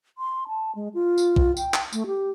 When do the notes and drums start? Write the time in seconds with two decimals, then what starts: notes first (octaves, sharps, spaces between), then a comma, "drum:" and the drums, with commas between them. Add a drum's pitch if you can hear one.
0.18 C6
0.48 A5
0.75 G#3
0.94 F4
1.18 drum: tambourine
1.36 drum: kick B1
1.57 G5, drum: tambourine
1.74 drum: clap
1.93 A3, drum: tambourine
2.07 G4